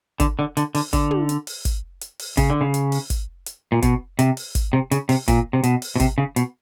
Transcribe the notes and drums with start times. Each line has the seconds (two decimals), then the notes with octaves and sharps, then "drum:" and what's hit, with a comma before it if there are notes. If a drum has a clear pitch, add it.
0.20 D3, drum: kick, hi-hat
0.39 D3
0.57 D3, drum: hi-hat
0.75 D3, drum: open hi-hat
0.93 D3, drum: kick, hi-hat
1.11 drum: tom
1.29 drum: hi-hat
1.47 drum: open hi-hat
1.65 drum: kick, hi-hat
2.01 drum: hi-hat
2.19 drum: open hi-hat
2.37 C#3, drum: kick, hi-hat
2.50 D3
2.61 C#3
2.74 drum: hi-hat
2.92 drum: open hi-hat
3.10 drum: kick, hi-hat
3.46 drum: hi-hat
3.72 A#2
3.82 B2, drum: kick, hi-hat
4.19 C3, drum: hi-hat
4.37 drum: open hi-hat
4.55 drum: kick, hi-hat
4.73 C3
4.91 C#3, drum: hi-hat
5.09 C3, drum: open hi-hat
5.28 A#2, drum: kick, hi-hat
5.53 C3
5.64 B2, drum: hi-hat
5.82 drum: open hi-hat
5.96 B2
6.00 C3, drum: kick, hi-hat
6.18 C#3
6.36 B2, drum: hi-hat